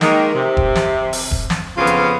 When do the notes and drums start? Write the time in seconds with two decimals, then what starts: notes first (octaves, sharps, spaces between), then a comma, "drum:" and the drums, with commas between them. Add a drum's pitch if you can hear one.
0.01 D#3 G#3 A#3, drum: snare
0.34 C3
0.57 drum: kick E1
0.75 drum: snare
1.13 drum: open hi-hat
1.31 drum: kick E1
1.50 drum: snare
1.77 F2 C#3 F3 B3 F4 F5
1.87 drum: hi-hat